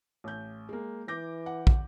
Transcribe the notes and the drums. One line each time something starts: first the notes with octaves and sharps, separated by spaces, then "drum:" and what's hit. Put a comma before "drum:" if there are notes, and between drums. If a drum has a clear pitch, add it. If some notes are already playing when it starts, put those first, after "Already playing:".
A1 G6
G#3 A#3
E3 D6 G6 A#6
F#5
drum: kick